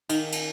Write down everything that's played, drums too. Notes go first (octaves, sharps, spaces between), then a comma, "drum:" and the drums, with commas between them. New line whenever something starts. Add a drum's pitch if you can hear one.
D#3, drum: cymbal
drum: cymbal